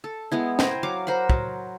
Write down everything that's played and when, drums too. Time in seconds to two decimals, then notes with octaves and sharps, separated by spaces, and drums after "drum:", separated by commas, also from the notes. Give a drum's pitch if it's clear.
0.04 A4
0.32 G#3 B3 E4
0.59 C5 G5 G#5 A#5, drum: snare
0.83 F#3 F5 D6
1.07 A#4 C5 F#5 B5
1.30 F#3, drum: kick